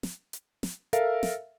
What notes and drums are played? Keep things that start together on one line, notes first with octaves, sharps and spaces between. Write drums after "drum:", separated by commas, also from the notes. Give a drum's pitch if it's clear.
drum: snare
drum: hi-hat
drum: snare
A4 A#4 E5 F5, drum: hi-hat
drum: snare